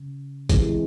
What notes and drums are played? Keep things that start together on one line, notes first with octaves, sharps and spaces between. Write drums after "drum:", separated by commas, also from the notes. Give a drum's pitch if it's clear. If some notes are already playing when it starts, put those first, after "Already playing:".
Already playing: C#3
C3 E3 G#3, drum: kick, hi-hat